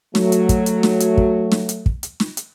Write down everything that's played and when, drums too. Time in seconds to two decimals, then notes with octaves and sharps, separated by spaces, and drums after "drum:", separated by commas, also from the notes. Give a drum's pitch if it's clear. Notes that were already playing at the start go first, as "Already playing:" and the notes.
0.15 F#3 A3, drum: snare
0.32 drum: hi-hat
0.49 drum: kick, hi-hat
0.66 drum: hi-hat
0.83 drum: snare
1.00 drum: hi-hat
1.17 drum: kick
1.52 drum: snare
1.69 drum: hi-hat
1.86 drum: kick
2.03 drum: hi-hat
2.20 drum: snare
2.37 drum: hi-hat